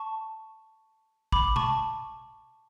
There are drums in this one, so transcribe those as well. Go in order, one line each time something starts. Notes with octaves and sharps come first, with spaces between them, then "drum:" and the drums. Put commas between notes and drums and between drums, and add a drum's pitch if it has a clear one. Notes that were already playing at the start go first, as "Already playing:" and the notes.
Already playing: A5 C#6
B5 D6, drum: kick
A5 C#6, drum: tom B2